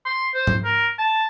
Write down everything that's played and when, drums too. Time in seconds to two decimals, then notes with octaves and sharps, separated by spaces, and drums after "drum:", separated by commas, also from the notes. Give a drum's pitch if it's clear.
0.06 C6
0.35 C5
0.47 drum: tom G#2
0.65 A#4
0.99 A5